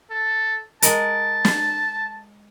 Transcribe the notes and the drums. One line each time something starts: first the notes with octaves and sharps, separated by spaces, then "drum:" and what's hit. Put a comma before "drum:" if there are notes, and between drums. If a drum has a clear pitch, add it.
A4
G#3 A#4 A5, drum: hi-hat
drum: snare